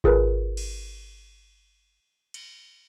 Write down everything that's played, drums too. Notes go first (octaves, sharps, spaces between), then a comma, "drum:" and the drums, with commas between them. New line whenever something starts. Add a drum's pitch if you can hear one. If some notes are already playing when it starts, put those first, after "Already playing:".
F4 G#4 A#4 B4, drum: kick G#1
drum: cymbal
drum: cymbal